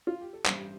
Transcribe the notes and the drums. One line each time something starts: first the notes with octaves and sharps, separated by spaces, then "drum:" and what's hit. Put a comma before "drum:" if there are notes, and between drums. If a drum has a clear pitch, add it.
F4
G4
A4
A1 G2 G3 C5, drum: clap